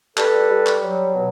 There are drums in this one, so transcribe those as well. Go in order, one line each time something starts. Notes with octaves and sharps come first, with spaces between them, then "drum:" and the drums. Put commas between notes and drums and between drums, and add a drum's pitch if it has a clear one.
G3 A4 B4, drum: clap
G3
drum: clap
F#3
B2